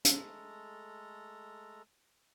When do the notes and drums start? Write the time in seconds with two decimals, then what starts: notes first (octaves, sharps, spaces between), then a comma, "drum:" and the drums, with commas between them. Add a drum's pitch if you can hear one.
0.05 G#3 A3 A4 A#5, drum: hi-hat